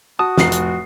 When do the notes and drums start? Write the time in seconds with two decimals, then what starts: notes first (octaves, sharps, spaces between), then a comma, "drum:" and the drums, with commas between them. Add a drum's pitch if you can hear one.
0.19 F#4 A5 D#6
0.38 F1 A2 F3 A#5 C7, drum: snare
0.52 drum: hi-hat